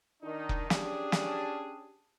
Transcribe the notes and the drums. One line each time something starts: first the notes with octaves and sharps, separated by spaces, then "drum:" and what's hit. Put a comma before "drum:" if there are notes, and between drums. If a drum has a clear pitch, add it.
D#3 D4 D#4
drum: kick
C#4 D4 G4 G#4, drum: snare
drum: snare